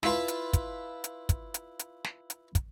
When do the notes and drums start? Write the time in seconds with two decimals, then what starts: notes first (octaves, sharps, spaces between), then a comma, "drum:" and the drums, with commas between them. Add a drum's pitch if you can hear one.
0.03 E4 F4 B4 A5, drum: snare
0.28 drum: hi-hat
0.53 drum: kick, hi-hat
1.04 drum: hi-hat
1.29 drum: kick, hi-hat
1.54 drum: hi-hat
1.79 drum: hi-hat
2.05 drum: snare
2.30 drum: hi-hat
2.55 drum: kick, hi-hat